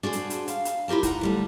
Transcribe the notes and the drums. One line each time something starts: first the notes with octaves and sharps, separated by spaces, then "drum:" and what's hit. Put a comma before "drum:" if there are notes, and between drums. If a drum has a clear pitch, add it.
D4 F#4 G#4 C5
drum: hi-hat
drum: hi-hat
F5, drum: hi-hat
drum: hi-hat
E4 F4 G4 A#4 A5
D#4 F#5 A#5, drum: kick, hi-hat
D2 G3 A3